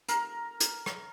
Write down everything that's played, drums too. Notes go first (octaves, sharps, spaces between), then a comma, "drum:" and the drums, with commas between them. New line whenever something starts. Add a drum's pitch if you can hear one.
A#4, drum: hi-hat
drum: hi-hat
drum: rim click